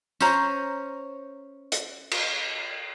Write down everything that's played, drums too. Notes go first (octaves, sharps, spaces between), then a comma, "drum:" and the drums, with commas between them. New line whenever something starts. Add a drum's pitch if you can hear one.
C#4 C5 A#5, drum: tambourine
drum: hi-hat
drum: cymbal